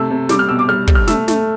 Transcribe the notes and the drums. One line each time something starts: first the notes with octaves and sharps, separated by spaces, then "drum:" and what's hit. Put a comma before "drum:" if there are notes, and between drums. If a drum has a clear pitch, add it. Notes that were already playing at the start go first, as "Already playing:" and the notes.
Already playing: C3 A3 E6
C3
G3 D6, drum: snare
F6
B2 E6
D6
G3 F6
G3, drum: kick
F6
A3 E6, drum: snare
A3, drum: snare